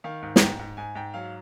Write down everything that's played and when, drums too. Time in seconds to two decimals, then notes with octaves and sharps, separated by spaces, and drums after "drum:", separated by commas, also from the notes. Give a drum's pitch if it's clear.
0.04 D#3 F5
0.22 G#2
0.36 F#5, drum: snare
0.41 G#2 G5
0.59 G#2
0.77 G#2 G#5
0.95 G#2 G5
1.14 F#3 F5